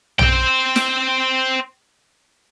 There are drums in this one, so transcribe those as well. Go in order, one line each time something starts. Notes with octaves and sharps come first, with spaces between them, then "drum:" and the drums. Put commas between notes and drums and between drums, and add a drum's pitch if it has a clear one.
C5 G5, drum: tom
drum: snare